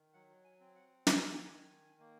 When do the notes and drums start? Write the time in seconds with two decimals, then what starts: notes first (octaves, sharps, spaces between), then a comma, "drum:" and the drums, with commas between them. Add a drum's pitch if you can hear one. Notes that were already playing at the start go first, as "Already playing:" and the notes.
Already playing: D#3
0.14 F#3 F#5
0.44 G#5
0.60 C4
0.75 F#5
1.07 D#3 G#5, drum: snare
1.53 D#3
2.00 A#3